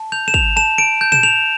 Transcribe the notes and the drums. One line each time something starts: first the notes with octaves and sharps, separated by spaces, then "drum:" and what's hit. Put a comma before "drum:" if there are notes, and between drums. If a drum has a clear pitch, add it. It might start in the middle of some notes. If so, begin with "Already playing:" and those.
Already playing: A5
G6 F7
E7
F7, drum: kick
A5 E7
D7
G6
E7, drum: tom
F7